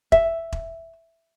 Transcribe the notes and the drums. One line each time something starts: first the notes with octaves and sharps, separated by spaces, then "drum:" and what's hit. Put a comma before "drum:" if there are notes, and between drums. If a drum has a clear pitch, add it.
E5, drum: kick E1
drum: kick E1